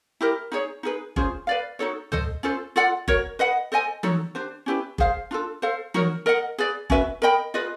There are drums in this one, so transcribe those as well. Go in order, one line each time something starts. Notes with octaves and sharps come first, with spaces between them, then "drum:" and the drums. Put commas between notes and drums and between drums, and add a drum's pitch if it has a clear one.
E4 G4 A#4
D#4 G#4 C#5
D#4 G#4 B4
C#4 F4 G#4 C5, drum: kick G1
B4 D5 F5
D#4 F#4 A4 C#5
A4 C5 D#5, drum: tom
C#4 F4 A4 C5
F4 A4 D5 F#5
F#4 A#4 C#5, drum: kick G1
B4 D#5 F#5
A4 C5 D#5 G#5
D#4 F#4 A4 C#5, drum: tom E3
D4 G4 C5
C#4 E4 G4 B4
G#4 C5 F5, drum: kick G1
D4 F4 A4
A4 C5 F5
D#4 F#4 A#4 C#5, drum: tom E3
A#4 D#5 F#5
G#4 B4 D5
C#4 F#4 B4 E5, drum: kick G1
A#4 D#5 G5 B5
F4 G#4 B4 D#5